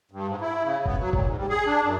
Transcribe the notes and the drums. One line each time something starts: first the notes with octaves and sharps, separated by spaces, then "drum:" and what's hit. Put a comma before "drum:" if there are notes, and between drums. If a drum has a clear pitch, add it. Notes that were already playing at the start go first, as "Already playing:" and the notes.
G2
G#2
E4
C#3
B3, drum: kick F#1
F#3
A#2, drum: kick F#1
G#2
G3
G#4
D4
F#2